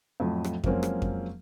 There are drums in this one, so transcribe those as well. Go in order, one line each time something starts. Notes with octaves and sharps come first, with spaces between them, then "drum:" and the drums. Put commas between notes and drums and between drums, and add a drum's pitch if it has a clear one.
F2 A2 F3 F#3
drum: rim click
F3 F#3 G#3 A#3 C4 C#4, drum: kick F2
drum: rim click
drum: kick F2